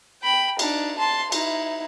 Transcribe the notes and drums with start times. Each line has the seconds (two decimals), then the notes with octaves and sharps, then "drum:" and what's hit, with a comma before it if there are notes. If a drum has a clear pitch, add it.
0.23 G5 B5
0.59 D4 D#4, drum: cymbal
0.98 A5 C6
1.32 D#4 E4, drum: cymbal